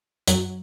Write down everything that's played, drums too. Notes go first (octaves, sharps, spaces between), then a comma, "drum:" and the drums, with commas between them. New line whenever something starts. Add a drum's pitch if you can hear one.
F#2 F#3, drum: hi-hat